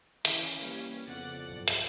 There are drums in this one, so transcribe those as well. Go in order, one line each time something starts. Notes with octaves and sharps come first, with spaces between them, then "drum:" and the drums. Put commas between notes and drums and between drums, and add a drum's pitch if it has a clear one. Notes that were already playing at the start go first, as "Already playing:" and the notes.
E3 C#4, drum: hi-hat
G3 A#3 B4
F2 C#3 B3 D5 F#5
B1 G2
drum: hi-hat